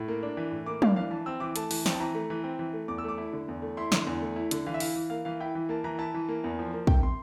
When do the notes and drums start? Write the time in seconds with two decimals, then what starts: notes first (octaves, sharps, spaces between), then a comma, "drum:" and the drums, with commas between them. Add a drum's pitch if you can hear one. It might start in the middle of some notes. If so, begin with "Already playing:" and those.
Already playing: A2
0.08 A#3
0.23 D4
0.37 E3
0.51 A2
0.66 A#3 D6
0.82 D4 F5, drum: tom
0.96 E3 F5
1.11 E3 A5
1.26 C4 E6
1.40 E3 D6
1.56 A3 A5, drum: hi-hat
1.71 E3, drum: open hi-hat
1.86 C4, drum: snare
1.93 A5
2.00 E3 A#5
2.15 A3
2.30 E3
2.44 C4
2.59 E3
2.73 A3
2.88 E2 D6
2.98 E6
3.04 A3 D6
3.18 E4
3.33 D3
3.48 E2
3.62 A3
3.77 E4 C6
3.92 D3, drum: snare
4.07 E2
4.21 A3
4.36 E4
4.51 D3, drum: hi-hat
4.66 E3 F5
4.74 E5
4.80 E4 F5, drum: open hi-hat
4.96 E3
5.10 A#3 F5
5.25 E3 F5
5.40 E4 G5
5.55 E3
5.69 A#3 A5
5.84 E3 A#5
5.99 E4 A5
6.14 E3
6.29 A#3
6.44 E2
6.59 F3
6.73 A#3
6.87 C3 G5, drum: kick
7.03 C6